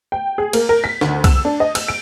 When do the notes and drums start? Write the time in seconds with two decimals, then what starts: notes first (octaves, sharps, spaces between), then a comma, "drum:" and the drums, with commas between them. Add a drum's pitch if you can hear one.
0.12 G5
0.38 G#4
0.53 A#3, drum: cymbal
0.69 A#4
0.84 B6
1.01 D2, drum: snare
1.24 E6, drum: kick C2, cymbal
1.45 D4
1.60 D#5
1.75 E6, drum: cymbal
1.88 D7